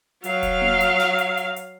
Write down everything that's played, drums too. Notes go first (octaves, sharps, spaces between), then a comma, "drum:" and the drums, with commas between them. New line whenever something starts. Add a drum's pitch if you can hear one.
F#3 F5, drum: hi-hat
drum: kick E1, hi-hat
drum: tom A#3
drum: hi-hat
drum: snare
drum: hi-hat
drum: hi-hat
drum: hi-hat